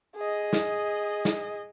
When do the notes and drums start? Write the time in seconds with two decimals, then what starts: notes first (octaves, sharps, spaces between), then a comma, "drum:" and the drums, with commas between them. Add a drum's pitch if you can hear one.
0.17 G#4 D#5
0.53 drum: snare
1.25 drum: snare